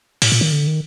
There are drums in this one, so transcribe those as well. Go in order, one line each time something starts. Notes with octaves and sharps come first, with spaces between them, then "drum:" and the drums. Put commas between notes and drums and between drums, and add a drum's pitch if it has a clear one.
A2, drum: open hi-hat
A#2
D#3
D3
D#3